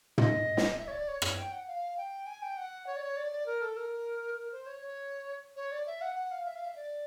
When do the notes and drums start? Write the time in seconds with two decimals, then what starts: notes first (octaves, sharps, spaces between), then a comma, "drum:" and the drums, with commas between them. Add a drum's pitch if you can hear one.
0.18 D#5, drum: tom
0.57 drum: snare
0.78 E5
0.87 C#5
0.92 D5
1.08 C#5
1.22 C#5, drum: rim click
1.37 G5
1.52 F#5
1.67 F5
1.97 G5
2.26 G#5
2.42 G5
2.57 F#5
2.87 C#5
2.96 D5
3.02 C#5
3.17 D5
3.32 D5
3.46 A#4
3.61 A4
3.76 A#4
4.37 A#4
4.52 C5
4.66 C#5
4.81 C#5
5.56 C#5
5.72 D5
5.86 E5
6.01 F#5
6.16 F#5
6.31 F5
6.45 E5
6.55 F5
6.64 E5
6.76 D5